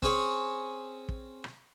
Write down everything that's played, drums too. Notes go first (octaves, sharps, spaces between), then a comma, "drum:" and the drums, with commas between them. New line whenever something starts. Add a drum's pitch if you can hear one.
C4 C#4 G#4 C#5, drum: kick
drum: kick
drum: rim click